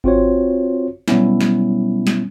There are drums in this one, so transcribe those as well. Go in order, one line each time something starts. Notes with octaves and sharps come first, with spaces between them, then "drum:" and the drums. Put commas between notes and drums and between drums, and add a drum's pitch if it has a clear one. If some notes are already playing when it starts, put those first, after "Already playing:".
C4 F4 F#4 C5 C#5, drum: kick G#1
B2 F#3 G3 B3 C#4 E4, drum: snare
drum: snare
drum: snare